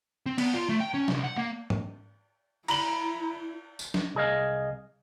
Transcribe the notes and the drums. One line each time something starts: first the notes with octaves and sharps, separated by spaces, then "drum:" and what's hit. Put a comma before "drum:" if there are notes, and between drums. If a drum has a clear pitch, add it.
C4
B3, drum: cymbal
F4
A3
G5
C#4
C2, drum: snare
F#5
A#3
drum: tom G#2
E4 A#5 B5 F#7, drum: cymbal
drum: tambourine
drum: snare
C2 G#4 D#5 F5